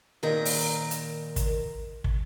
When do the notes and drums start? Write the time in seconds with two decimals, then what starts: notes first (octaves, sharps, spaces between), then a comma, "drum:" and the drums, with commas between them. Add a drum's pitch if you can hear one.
0.23 A#2 D#3 A#4
0.45 drum: open hi-hat
0.91 drum: hi-hat
1.36 drum: kick, hi-hat
2.04 drum: kick